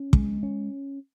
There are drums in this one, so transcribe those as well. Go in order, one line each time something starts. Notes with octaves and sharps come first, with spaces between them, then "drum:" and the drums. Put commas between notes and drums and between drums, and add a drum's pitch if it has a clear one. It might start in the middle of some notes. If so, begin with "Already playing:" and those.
Already playing: C#4
G#3, drum: kick
C#4